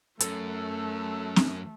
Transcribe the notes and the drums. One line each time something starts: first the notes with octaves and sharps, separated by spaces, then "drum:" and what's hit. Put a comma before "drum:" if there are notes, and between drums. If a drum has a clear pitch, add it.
F#2 A3 A4, drum: hi-hat
drum: snare C4